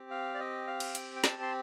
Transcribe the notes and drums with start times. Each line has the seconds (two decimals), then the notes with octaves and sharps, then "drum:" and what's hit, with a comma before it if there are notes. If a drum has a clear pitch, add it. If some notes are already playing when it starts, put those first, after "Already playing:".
Already playing: C4 G4
0.11 F5
0.35 D5
0.40 D#5
0.67 F5
0.80 drum: cymbal
0.95 G5, drum: hi-hat
1.16 G5
1.24 A5, drum: snare
1.42 C6